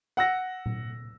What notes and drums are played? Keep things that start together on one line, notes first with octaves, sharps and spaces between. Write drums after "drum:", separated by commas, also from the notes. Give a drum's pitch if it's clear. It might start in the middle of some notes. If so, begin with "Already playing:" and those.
F#5 E6 A#6
drum: tom A#2